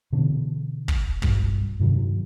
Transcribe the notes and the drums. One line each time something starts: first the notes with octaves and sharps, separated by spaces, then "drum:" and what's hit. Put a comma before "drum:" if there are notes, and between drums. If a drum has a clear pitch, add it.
B2 D3 E3
drum: kick
B1 G2 G3, drum: kick
G2 C3 D#3 F#3